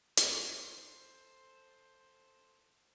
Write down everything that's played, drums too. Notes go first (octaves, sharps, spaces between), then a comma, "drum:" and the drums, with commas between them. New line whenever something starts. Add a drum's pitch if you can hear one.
A4 C5, drum: hi-hat